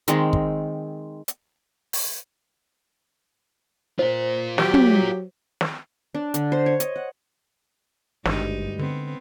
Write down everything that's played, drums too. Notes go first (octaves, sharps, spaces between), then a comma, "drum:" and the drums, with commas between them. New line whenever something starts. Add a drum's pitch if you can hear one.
D#3 G#3 C4, drum: hi-hat
drum: kick
drum: hi-hat
drum: open hi-hat
F4 A#4 C5
F#3 G4, drum: snare
drum: tom
drum: snare
D4
D3, drum: hi-hat
C5
C#5
D#5, drum: hi-hat
F#5
G#1 D2 G2 G3 G#3 D#4, drum: snare
D3 B3 C4